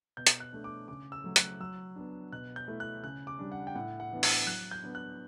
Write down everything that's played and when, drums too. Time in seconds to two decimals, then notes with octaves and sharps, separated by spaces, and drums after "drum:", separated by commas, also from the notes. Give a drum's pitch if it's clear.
0.17 B2 G6
0.27 drum: hi-hat
0.40 F#6
0.53 A3 D4
0.64 D6
0.88 C#3 D6
1.12 E6
1.24 F#3 A3
1.36 F#6, drum: hi-hat
1.60 F#3 E6
1.96 B3 D4
2.32 B2 F#6
2.56 G6
2.68 A3 E4
2.80 F#6
3.04 C#3 F#6
3.27 D6
3.39 G3 D4
3.52 F#5
3.67 G5
3.75 A2 F#5
4.00 F#5
4.12 E3 B3 D4
4.23 E6, drum: open hi-hat
4.46 F#3 F#6
4.71 G6
4.83 B3 D4
4.95 F#6